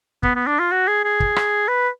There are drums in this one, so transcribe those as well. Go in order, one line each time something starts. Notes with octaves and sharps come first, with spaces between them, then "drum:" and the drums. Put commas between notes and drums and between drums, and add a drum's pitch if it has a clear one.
B3, drum: kick
B3
D4
F4
F#4
G#4
G#4
drum: kick
drum: rim click
B4